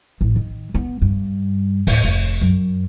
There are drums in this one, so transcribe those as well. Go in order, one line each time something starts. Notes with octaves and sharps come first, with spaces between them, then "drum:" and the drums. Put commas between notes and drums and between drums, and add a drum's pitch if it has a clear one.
A1
D#3
B3
G2
D1, drum: open hi-hat
F1
F#2